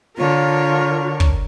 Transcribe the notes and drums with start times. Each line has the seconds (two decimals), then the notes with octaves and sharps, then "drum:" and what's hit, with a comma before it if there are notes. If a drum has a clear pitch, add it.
0.17 D3 F4 A#4 C#5
1.20 drum: kick